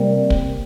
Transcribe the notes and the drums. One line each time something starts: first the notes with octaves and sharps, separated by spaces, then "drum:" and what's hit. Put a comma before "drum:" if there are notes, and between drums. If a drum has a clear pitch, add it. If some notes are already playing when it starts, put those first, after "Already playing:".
Already playing: C3 G3 A#3
drum: kick